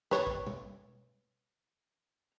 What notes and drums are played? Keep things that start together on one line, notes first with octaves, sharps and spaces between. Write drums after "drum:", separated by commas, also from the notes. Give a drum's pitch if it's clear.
B4 C#5, drum: snare
drum: kick
drum: tom